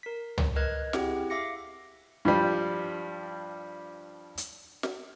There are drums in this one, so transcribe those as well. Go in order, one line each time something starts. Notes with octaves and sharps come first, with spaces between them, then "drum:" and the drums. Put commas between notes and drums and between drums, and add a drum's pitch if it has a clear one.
A#4 B6
drum: tom C#2
A#4 B4 D#5 F6 F#6 G#6
C4 E4 G4 G#4 F#5, drum: snare
E5 F5 D6 A#6 C#7
G2 F3 G3
drum: hi-hat
drum: snare